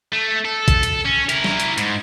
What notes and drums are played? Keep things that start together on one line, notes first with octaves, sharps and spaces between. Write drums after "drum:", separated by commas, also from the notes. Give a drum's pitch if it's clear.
A3
A4
drum: kick, hi-hat
drum: hi-hat
C#4
E4 A#4, drum: hi-hat
drum: snare
drum: hi-hat
G#2, drum: hi-hat